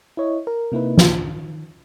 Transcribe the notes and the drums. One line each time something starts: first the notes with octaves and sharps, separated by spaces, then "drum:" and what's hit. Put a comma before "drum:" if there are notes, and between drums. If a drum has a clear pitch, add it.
E4 C#5 D#5
A#4
C3 A#3 D#4 E4 B4
drum: snare
D#3